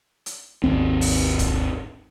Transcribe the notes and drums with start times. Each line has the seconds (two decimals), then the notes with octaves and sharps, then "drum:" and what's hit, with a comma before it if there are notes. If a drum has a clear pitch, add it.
0.26 drum: hi-hat
0.64 G#1 D#2 C4
1.01 drum: open hi-hat
1.39 drum: kick, hi-hat